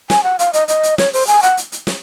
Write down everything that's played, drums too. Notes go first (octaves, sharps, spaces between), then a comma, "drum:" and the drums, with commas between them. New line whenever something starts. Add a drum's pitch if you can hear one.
G#5, drum: snare
F#5
F5, drum: hi-hat
D#5, drum: hi-hat
D#5, drum: hi-hat
drum: hi-hat
C#5, drum: snare
C5, drum: open hi-hat
G#5, drum: hi-hat
F#5, drum: hi-hat
drum: hi-hat
drum: hi-hat
drum: snare